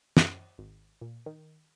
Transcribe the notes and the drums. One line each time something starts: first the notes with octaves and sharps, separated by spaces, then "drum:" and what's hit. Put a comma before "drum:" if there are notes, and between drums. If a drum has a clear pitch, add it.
F#2, drum: snare
G#1
A#2
D#3